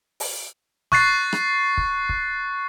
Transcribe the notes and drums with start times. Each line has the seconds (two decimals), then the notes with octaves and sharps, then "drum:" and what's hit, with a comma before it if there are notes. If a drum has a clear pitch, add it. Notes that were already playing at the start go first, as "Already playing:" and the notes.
0.20 drum: open hi-hat
0.92 C#6 F#6 A6 C7, drum: snare
1.33 drum: rim click
1.77 drum: kick
2.09 drum: kick